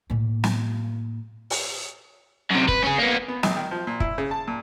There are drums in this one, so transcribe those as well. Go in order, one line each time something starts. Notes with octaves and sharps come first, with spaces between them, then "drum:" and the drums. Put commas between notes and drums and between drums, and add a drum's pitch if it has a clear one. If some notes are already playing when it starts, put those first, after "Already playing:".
A2 A#3
drum: snare
drum: open hi-hat
F#2 C3
B4, drum: kick
C#4 G#4
A#3 B3
B3
A#1, drum: snare
D#3
F3
A#2
E4, drum: kick
C#3
A5
A#2